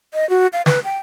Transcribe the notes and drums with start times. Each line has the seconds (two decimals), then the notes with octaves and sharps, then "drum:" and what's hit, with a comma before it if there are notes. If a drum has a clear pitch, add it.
0.14 D#5
0.30 F#4
0.53 F5
0.66 B4, drum: snare
0.84 G5